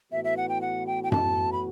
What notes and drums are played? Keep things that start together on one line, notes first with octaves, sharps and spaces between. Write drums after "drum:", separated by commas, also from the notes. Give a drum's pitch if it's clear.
A2 E3 B3 F#4 E5
E5
F#5
G5
F#5
G5
G5
A5, drum: tom F#2
B5